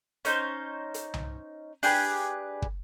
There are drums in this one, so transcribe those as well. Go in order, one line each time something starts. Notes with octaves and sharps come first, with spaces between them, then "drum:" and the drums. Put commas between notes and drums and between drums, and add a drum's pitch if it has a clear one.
C#4 D#4 C5, drum: hi-hat
drum: hi-hat
drum: tom C2
D4 G4 G#4 B4, drum: open hi-hat
drum: kick